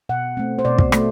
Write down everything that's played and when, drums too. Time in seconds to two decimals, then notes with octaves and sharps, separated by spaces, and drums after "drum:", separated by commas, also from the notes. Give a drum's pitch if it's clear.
0.09 B2 F#5
0.37 A3 C4
0.59 C5
0.65 B2 D5
0.78 drum: kick
0.92 A3, drum: rim click